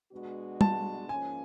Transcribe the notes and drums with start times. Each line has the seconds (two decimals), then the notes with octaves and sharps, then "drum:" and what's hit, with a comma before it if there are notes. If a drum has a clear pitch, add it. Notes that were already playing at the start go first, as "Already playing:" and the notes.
0.11 B2 G#3 B3 D4 F#4
0.61 A5, drum: tom
1.09 G#2 F3 A#3 C#4 G#5